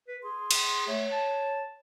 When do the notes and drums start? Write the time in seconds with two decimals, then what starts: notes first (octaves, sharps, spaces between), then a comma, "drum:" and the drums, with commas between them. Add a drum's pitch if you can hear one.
0.08 B4
0.23 G#4 C6
0.51 drum: cymbal
0.87 A3 C#5
1.12 A5